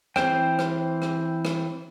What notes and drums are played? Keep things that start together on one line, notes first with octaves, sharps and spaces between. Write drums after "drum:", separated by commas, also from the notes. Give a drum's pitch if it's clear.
E3 C4 C5 G5, drum: rim click
drum: rim click
drum: rim click
drum: rim click